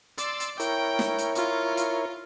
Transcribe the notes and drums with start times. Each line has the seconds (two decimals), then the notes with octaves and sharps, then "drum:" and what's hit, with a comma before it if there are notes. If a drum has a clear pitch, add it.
0.18 D5 C6 E6 A6, drum: hi-hat
0.40 drum: hi-hat
0.60 E4 A#4 C#5 G5, drum: hi-hat
0.99 drum: snare
1.18 drum: hi-hat
1.35 F4, drum: hi-hat
1.77 drum: hi-hat